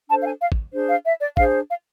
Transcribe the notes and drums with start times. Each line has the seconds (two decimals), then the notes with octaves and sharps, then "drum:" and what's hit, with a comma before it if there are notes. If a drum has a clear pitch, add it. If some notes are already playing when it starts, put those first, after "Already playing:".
0.09 D4 A4 C5 A5
0.21 F5
0.25 G#5
0.41 F5
0.52 drum: kick A1
0.73 D4 G#4 C5
0.89 F5
1.05 E5
1.21 D5
1.37 D4 G#4 C5 F5, drum: kick A1
1.69 F5